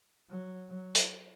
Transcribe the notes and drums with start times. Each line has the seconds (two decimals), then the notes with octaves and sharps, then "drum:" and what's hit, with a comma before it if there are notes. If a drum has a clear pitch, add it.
0.30 F#3
0.69 F#3
0.95 drum: hi-hat